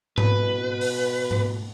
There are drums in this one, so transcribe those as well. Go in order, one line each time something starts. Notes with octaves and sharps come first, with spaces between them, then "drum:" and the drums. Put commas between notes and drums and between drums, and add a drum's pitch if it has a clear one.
B2 B4, drum: tom G#2
drum: open hi-hat
drum: tom G#2